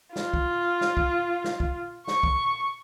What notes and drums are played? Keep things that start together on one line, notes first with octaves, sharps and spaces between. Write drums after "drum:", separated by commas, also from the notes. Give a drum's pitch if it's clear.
F4, drum: snare
drum: kick
drum: snare
drum: kick
drum: snare
drum: kick
C#6, drum: snare
drum: kick